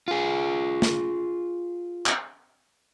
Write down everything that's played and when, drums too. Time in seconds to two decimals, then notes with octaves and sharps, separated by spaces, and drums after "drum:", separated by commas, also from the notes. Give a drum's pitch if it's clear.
0.08 F4 G#4
0.82 drum: snare
2.06 drum: clap